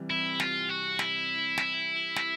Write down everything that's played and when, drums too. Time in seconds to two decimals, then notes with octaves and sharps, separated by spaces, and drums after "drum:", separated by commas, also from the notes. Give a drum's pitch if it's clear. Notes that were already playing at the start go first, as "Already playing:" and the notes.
Already playing: C3 E3 G3
0.10 E4
0.40 F4, drum: snare
0.69 F#4
0.99 E4, drum: snare
1.58 drum: snare
2.16 drum: snare